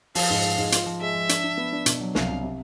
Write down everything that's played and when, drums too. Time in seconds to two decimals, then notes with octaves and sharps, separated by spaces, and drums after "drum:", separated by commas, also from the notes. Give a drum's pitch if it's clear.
0.15 F3 F5, drum: open hi-hat
0.30 G#2
0.45 G#2
0.58 G#2
0.72 F4, drum: hi-hat
0.86 F3
1.01 G#3 E5
1.15 F3
1.29 D4, drum: hi-hat
1.44 D4
1.58 B3
1.73 D4
1.86 B2, drum: hi-hat
2.00 F#3
2.15 C2 F5, drum: snare
2.29 C2
2.42 C3